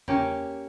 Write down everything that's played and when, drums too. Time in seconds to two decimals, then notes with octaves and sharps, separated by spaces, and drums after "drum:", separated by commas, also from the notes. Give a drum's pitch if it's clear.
0.08 A#3 C#4 G4, drum: tom E2